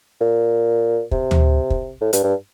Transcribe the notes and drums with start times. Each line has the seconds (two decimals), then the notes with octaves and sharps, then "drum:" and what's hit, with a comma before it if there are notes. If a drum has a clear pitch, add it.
0.21 A#2
1.11 C3, drum: kick
1.31 drum: tom D2
1.70 drum: kick
2.01 A2
2.13 G2, drum: hi-hat
2.24 G2